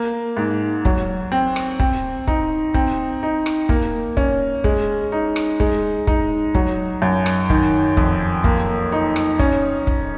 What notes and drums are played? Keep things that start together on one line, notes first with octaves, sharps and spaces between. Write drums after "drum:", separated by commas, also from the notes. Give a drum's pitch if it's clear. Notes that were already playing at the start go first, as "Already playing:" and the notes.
Already playing: A#3
G#2
F#3, drum: kick
C4
drum: rim click
C4, drum: kick
D#4, drum: kick
C4, drum: kick
D#4
drum: rim click
A#3, drum: kick
C#4, drum: kick
G#3, drum: kick
D#4
drum: rim click
G#3, drum: kick
D#4, drum: kick
F#3, drum: kick
F#2
drum: rim click
D#3, drum: kick
F2, drum: kick
A#3, drum: kick
D#4
drum: rim click
C#4, drum: kick
drum: kick